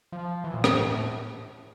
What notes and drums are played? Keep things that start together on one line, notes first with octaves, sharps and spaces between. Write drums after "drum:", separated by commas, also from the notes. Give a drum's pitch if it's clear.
F3
E3
A#2
A2, drum: rim click
A2
A2